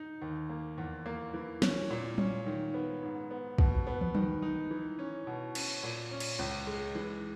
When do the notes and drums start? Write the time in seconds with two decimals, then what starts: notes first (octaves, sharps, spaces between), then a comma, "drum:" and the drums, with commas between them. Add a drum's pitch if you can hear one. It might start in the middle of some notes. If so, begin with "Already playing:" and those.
Already playing: D#4
0.22 D#2
0.49 A#3
0.78 E2
1.06 A#3
1.34 E3
1.62 C#4, drum: snare
1.90 A#2
2.18 C#4, drum: tom F#3
2.46 D#3
2.74 B3
3.03 G#2
3.31 B3
3.58 B2, drum: kick
3.87 B3
4.01 drum: tom
4.15 D#3, drum: tom F#3
4.42 D#4
4.71 E3
4.99 C#4
5.27 B2
5.55 C#4, drum: cymbal
5.83 A#2
6.11 C#4
6.20 drum: cymbal
6.39 C#2
6.67 G#3
6.95 E3